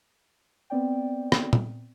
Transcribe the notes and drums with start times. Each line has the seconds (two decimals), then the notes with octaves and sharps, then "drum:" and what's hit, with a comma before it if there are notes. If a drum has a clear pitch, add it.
0.70 B3 C4 D5 G5
1.32 drum: rim click
1.53 drum: tom A#2